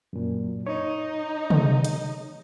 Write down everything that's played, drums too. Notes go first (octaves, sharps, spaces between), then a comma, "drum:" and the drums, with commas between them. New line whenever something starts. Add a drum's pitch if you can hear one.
F#2 A#2
D#4 C#5
drum: tom
drum: hi-hat